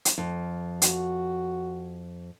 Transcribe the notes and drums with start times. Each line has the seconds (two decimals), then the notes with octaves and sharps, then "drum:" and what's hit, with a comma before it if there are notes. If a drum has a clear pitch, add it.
0.05 drum: hi-hat
0.18 F2
0.82 F#4, drum: hi-hat